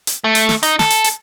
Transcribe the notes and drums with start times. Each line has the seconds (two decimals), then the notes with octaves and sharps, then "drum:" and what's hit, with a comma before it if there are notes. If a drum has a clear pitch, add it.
0.07 drum: hi-hat
0.24 A3
0.35 drum: hi-hat
0.49 drum: snare
0.63 D#4, drum: hi-hat
0.79 A4, drum: snare
0.90 drum: hi-hat
1.04 drum: hi-hat